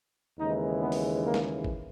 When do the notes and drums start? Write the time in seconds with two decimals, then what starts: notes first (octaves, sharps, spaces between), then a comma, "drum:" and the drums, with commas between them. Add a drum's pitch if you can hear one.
0.38 D#2 C#3 E3 G#3 D#4
0.81 B3
0.92 drum: open hi-hat
1.24 A#3
1.34 drum: snare
1.64 drum: kick